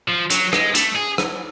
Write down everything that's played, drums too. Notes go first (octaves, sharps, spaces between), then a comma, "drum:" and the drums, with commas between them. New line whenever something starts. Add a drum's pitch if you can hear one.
F3
F#3, drum: hi-hat
G#3, drum: rim click
A3, drum: hi-hat
G#4
drum: rim click